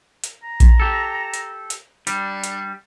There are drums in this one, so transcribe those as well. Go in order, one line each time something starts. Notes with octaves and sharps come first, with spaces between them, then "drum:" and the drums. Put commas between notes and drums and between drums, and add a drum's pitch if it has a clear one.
drum: hi-hat
A#5
drum: kick A#1, hi-hat
G4 A4
drum: hi-hat
drum: hi-hat
G3 D4, drum: hi-hat
drum: hi-hat